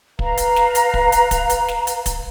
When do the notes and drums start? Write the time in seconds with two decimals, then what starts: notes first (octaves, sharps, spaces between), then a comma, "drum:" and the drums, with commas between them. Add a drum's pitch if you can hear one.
0.19 B4 F5 A#5, drum: kick
0.38 drum: hi-hat
0.56 drum: snare
0.75 drum: hi-hat
0.94 drum: kick
1.12 drum: hi-hat
1.31 drum: kick, hi-hat
1.50 drum: hi-hat
1.68 drum: snare
1.87 drum: hi-hat
2.06 drum: kick, hi-hat